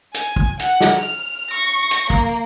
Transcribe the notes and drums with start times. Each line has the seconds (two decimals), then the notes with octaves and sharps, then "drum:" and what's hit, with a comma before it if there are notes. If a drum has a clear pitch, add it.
0.14 G#5, drum: hi-hat
0.36 drum: kick
0.60 F#5, drum: hi-hat
0.81 drum: snare
0.99 F6
1.50 C#6 A#6
1.91 drum: hi-hat
2.10 A#3, drum: kick